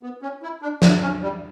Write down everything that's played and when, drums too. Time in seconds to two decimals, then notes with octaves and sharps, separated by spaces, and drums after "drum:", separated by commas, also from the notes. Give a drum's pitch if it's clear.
0.03 B3
0.22 C#4
0.43 E4
0.62 D4
0.82 D4, drum: snare
1.02 C#4
1.22 G3